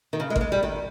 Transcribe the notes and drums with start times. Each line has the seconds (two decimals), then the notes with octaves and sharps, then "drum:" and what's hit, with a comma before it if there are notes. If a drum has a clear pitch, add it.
0.13 D#3
0.20 C#3
0.30 G#3
0.36 A#3, drum: kick
0.41 G#3
0.52 G3
0.63 D#3